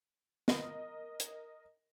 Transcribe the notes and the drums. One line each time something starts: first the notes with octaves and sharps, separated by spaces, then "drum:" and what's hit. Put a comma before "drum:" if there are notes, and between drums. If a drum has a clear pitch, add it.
A#4 D#5, drum: snare
drum: hi-hat